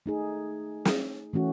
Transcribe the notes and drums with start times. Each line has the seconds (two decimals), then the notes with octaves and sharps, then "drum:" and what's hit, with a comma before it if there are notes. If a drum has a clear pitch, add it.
0.06 A3 D#4 G#4
0.85 drum: snare
1.33 E3 A3 C#4 F#4